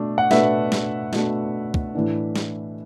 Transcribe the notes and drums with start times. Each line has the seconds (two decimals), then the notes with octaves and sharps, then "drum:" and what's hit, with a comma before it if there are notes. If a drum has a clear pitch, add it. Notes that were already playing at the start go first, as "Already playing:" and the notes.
Already playing: B2 A3 D4
0.18 F#5
0.31 B2 A3 D4 B4 E5, drum: snare
0.72 drum: snare
1.13 B2 A3 D4, drum: snare
1.74 drum: kick
1.95 A2 E3 A3 D4
2.36 drum: snare